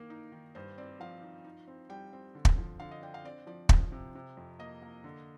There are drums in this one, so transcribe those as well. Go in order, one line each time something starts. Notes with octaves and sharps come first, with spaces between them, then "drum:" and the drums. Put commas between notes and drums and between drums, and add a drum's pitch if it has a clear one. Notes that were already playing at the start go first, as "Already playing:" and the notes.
Already playing: D#3 A#3 A#4
D#4
D#3
G2 C5
C4 D5
F3 F5
D#4
D#4
C4
G3 G5
C4
D3
drum: kick
F3
D3 F5
D#5
D4 G5
F5
C4 D5
F3 D5
F3, drum: kick
C3
C3
F2
A#3 D#5
A#3
D3